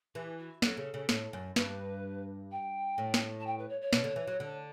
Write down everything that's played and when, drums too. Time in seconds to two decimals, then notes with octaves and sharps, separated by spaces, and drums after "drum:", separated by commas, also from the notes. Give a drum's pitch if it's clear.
0.15 E3 G4
0.38 F#4
0.62 F#3 A4, drum: snare
0.77 C#3
0.94 C#3
1.09 A2, drum: snare
1.33 F#2
1.56 G2 B4, drum: snare
2.51 G5
2.98 A2
3.14 drum: snare
3.39 A5
3.46 G5
3.58 B4
3.69 C#5
3.81 C#5
3.93 B2, drum: snare
4.04 D3
4.16 E3
4.27 F#3
4.40 D3